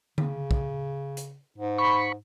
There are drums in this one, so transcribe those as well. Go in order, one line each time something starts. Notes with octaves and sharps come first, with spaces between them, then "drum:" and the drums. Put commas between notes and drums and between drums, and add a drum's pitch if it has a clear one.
C#3, drum: tom D3
drum: kick
drum: hi-hat
G#2
B5 C#6